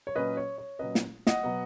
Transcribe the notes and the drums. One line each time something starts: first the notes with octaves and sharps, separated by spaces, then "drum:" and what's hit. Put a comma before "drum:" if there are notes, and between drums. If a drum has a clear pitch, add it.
C#5
A#2 F#3 C#4 B4 D#5
C#5
C#5
A#2 F#3 C#4 B4 D#5
drum: snare
D#5 F#5, drum: snare
B2 F#3 B3